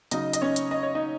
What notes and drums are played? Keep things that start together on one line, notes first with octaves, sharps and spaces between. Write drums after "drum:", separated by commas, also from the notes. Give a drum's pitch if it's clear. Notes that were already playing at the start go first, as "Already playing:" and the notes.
C#3 F#3 D#4 D#5, drum: hi-hat
D#5, drum: hi-hat
C#4 C#5
drum: hi-hat
D#5
C#5
D#4 D#5